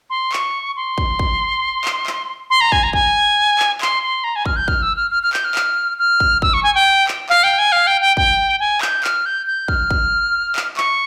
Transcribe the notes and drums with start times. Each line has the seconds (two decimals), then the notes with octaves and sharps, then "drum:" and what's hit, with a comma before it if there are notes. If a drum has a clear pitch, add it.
0.10 C6
0.32 C#6, drum: clap
0.76 C6
0.98 drum: kick
1.19 drum: kick
1.85 drum: clap
2.07 drum: clap
2.50 C6
2.61 A#5
2.72 G#5, drum: kick
2.83 A#5
2.93 G#5, drum: kick
3.59 drum: clap
3.81 C6, drum: clap
4.03 C6
4.24 A#5
4.36 G#5
4.46 F6, drum: kick
4.56 G6
4.68 F6, drum: kick
4.82 E6
4.96 F6
5.11 F6
5.23 F6
5.33 G6, drum: clap
5.45 F6
5.55 drum: clap
5.99 F6
6.20 drum: kick
6.42 E6, drum: kick
6.54 C#6
6.63 G#5
6.75 G5
7.07 drum: clap
7.29 F5, drum: clap
7.44 G5
7.59 G#5
7.72 F5
7.87 G5
8.01 G5
8.17 G5, drum: kick
8.60 G#5
8.81 G6, drum: clap
9.04 F6, drum: clap
9.26 G6
9.47 G6
9.68 F6, drum: kick
9.91 drum: kick
10.56 drum: clap
10.77 C#6, drum: clap